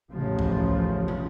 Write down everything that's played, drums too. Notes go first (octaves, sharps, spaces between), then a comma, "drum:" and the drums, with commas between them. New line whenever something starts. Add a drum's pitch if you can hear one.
A1 E2 C#3 F3
drum: kick C#2
drum: tom